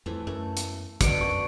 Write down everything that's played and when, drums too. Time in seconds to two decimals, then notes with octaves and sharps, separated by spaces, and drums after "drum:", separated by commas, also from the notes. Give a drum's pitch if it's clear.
0.06 F2 E3 A3
0.27 F#2 A3
0.57 drum: hi-hat
1.01 B2 D3 D4 C#7 D7, drum: kick, hi-hat
1.21 F#2 C#6